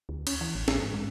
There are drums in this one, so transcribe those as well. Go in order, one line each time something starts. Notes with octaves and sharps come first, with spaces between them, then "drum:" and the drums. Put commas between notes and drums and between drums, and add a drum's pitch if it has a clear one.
D2
C#4, drum: cymbal
E3
A1
A1, drum: snare
G#2
G#3